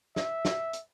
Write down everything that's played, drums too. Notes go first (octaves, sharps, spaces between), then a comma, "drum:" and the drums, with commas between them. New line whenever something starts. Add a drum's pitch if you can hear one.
E5, drum: snare
drum: snare
drum: hi-hat